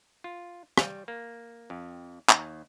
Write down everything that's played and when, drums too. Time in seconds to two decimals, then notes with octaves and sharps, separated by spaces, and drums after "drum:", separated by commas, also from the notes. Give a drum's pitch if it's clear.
0.24 F4
0.78 G3, drum: rim click
1.08 A#3
1.70 F2
2.29 D#2, drum: clap